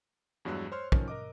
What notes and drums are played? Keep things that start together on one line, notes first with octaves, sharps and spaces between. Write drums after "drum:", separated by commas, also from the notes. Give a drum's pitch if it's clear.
E2 G2 F#3 G#3 E6 F#6
C5 C#5 C6 F6
D#3 F3 C#4, drum: kick
A#4 D#5 D6